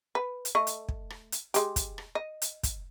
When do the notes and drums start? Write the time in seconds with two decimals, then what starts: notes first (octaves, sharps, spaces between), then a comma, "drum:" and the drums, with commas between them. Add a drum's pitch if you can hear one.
0.15 B4
0.45 drum: hi-hat
0.55 A3 D#5
0.67 drum: hi-hat
0.89 drum: kick
1.10 drum: rim click
1.32 drum: hi-hat
1.54 G#3 G4, drum: hi-hat
1.76 drum: kick, hi-hat
1.98 drum: rim click
2.15 D#5
2.42 drum: hi-hat
2.63 drum: kick, hi-hat